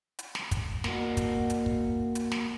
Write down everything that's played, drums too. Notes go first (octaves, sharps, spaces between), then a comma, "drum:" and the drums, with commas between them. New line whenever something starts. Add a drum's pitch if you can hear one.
drum: hi-hat
drum: snare
drum: kick, hi-hat
A#3 F#4, drum: snare
drum: kick, hi-hat
drum: hi-hat
drum: kick
drum: hi-hat
drum: snare